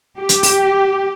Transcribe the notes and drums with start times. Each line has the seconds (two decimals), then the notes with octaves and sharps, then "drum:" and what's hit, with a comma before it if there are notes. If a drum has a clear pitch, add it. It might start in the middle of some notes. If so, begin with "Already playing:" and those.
0.18 G4
0.29 drum: hi-hat
0.43 drum: open hi-hat